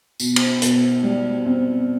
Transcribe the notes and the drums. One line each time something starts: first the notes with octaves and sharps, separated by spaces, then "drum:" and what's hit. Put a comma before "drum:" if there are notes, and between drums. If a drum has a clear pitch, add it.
B2, drum: tambourine
drum: cymbal
B2, drum: hi-hat
G3
C4